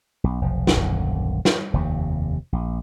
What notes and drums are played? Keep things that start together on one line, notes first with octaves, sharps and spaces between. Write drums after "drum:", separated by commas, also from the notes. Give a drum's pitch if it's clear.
B1
F1 B1 F3
drum: snare
D#1 B1 F#2 D3
drum: snare
F1 D#2 C3
A#1